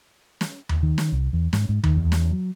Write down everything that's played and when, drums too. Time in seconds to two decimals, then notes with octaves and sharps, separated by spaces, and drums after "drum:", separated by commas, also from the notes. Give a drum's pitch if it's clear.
0.41 drum: snare
0.69 drum: tom D#2
0.83 D#3
0.98 drum: snare
1.12 C2
1.33 E2
1.53 G#2, drum: snare
1.69 G#2
1.84 D#3, drum: tom D#2
1.96 E2
2.12 drum: snare
2.31 F#3